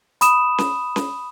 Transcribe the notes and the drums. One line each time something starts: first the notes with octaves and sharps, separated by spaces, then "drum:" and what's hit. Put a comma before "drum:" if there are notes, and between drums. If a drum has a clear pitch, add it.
B5 D#6 E7, drum: hi-hat
drum: snare C#4
drum: snare C#4